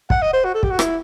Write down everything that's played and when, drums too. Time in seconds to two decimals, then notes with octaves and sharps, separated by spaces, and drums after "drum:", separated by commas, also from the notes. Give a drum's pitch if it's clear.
0.10 F#5, drum: kick
0.22 D#5
0.33 C5
0.44 F#4
0.55 A4
0.63 G4, drum: kick
0.71 F#4
0.79 E4, drum: rim click